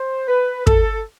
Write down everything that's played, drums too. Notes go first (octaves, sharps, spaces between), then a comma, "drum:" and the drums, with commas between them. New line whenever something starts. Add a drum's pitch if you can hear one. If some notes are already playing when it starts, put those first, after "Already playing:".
Already playing: C5
B4
A4, drum: kick